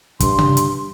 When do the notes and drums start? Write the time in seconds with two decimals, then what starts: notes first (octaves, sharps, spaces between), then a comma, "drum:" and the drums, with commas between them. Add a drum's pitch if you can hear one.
0.20 G2 C6, drum: kick, hi-hat
0.39 drum: tom C3
0.57 drum: hi-hat